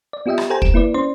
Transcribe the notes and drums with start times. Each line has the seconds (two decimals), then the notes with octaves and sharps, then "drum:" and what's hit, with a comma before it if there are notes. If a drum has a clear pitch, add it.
0.13 D5
0.26 B3 F4 G4 D#5 E5 G5
0.38 drum: rim click
0.50 G4 A4 C5 G5 G#5 A#5
0.62 D7 E7, drum: kick
0.74 A#3 E4 B4 D5
0.94 C#4 C5 D5 C6